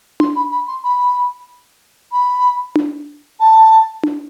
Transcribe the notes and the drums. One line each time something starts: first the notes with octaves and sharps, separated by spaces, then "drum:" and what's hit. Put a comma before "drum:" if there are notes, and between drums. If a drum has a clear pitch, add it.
C6, drum: tom D4
B5
B5
C6
B5
B5
drum: tom D4
A5
drum: tom D4